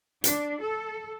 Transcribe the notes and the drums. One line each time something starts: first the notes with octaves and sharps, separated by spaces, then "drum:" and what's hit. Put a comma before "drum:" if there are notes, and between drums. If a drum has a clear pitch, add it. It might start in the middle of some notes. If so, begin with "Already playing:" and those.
D4, drum: hi-hat
A4